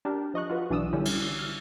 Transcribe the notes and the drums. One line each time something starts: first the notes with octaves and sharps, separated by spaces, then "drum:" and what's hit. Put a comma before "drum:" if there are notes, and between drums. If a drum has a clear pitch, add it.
D4 G4 A#4
F3 D#5 C#6 F#6
F4 F#4 B4
B1 E3 D4 D5 D#6 E6
D3 G3 C#4 E4 G4
drum: cymbal
F6